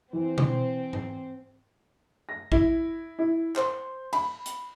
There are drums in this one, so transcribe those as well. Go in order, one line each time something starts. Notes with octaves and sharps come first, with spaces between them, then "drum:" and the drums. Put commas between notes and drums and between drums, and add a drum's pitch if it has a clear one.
E3 C4
drum: tom B2
drum: tom G#2
A#6
E4, drum: kick
E4
C5, drum: clap
B5, drum: cymbal
drum: hi-hat